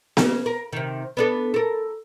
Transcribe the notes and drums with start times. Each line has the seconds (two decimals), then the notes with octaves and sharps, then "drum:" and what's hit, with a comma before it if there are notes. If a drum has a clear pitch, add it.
0.17 C#3 A#3, drum: snare B3
0.46 A#4
0.73 C3 D#3
1.17 B3 D4 A4
1.54 A4 A#4